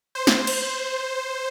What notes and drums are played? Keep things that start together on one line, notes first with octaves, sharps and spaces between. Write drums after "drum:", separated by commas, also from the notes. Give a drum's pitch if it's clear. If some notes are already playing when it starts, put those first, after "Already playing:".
C5
drum: snare
drum: cymbal